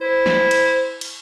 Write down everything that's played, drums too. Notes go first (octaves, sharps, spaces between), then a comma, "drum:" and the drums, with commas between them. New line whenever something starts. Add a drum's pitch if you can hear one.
E4 C5
drum: snare
drum: cymbal
drum: cymbal